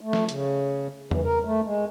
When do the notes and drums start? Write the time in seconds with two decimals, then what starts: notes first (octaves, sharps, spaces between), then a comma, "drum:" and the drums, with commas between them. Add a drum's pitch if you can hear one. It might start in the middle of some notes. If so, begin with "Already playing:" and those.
0.01 A3
0.13 drum: snare
0.29 C#3, drum: hi-hat
1.11 E3, drum: tom E2
1.24 A#4
1.45 A3
1.65 G#3